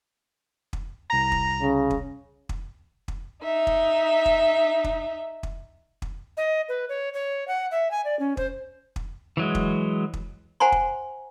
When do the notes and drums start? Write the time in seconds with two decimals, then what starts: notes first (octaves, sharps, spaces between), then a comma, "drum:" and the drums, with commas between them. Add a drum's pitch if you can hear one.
0.73 drum: kick
1.10 C2 A#5 A#6
1.32 drum: kick
1.62 C#3
1.90 drum: kick
2.49 drum: kick
3.08 drum: kick
3.42 D#4 E5
3.67 drum: kick
4.26 drum: kick
4.84 drum: kick
5.43 drum: kick
6.02 drum: kick
6.37 D#5
6.69 B4
6.89 C#5
7.14 C#5
7.48 F#5
7.71 E5
7.91 G#5
8.05 D5
8.19 C#4
8.37 C5, drum: kick
8.96 drum: kick
9.37 E3 F#3 G#3
9.55 drum: kick
10.13 drum: kick
10.60 C5 F#5 G#5 A#5 C6
10.72 drum: kick